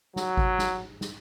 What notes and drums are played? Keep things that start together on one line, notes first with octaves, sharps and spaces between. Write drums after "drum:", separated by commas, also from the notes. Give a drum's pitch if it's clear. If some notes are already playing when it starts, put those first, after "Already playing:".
F#3, drum: snare
drum: kick G#1
drum: snare
drum: snare